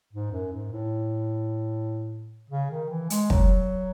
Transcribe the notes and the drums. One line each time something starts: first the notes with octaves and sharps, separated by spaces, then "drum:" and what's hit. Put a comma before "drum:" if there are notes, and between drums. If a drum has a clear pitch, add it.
G#2
F#2
G#2
A2
C#3
D#3
E3
G#3, drum: hi-hat
F#3, drum: kick